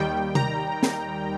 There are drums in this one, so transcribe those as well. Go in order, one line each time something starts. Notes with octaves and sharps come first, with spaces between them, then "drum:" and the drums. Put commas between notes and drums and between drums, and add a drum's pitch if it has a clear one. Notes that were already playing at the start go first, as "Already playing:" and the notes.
Already playing: D#2 D#3 G3 G5
A#5, drum: tom C3
drum: snare